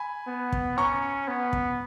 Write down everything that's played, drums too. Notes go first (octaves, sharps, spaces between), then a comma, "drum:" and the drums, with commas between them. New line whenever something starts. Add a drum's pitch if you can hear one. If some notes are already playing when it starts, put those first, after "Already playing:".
Already playing: G#5 B5
B3
drum: kick
C#4 A#5 C#6
B3
drum: kick